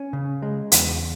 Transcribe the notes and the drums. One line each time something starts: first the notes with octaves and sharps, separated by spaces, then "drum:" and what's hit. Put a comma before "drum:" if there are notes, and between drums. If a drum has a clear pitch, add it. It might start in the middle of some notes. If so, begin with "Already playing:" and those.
Already playing: C#4
C#3
G#3
E2, drum: hi-hat